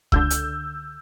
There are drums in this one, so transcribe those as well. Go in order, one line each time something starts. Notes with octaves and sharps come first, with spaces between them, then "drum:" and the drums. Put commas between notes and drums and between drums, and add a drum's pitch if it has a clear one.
C#2 D3 E6 G6, drum: kick D#1
drum: hi-hat